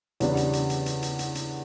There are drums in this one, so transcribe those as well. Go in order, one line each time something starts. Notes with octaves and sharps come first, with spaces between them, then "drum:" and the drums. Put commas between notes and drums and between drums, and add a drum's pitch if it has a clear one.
E2 C#3 G3 B3 D4, drum: hi-hat
drum: hi-hat
drum: hi-hat
drum: hi-hat
drum: hi-hat
drum: hi-hat
drum: hi-hat
drum: hi-hat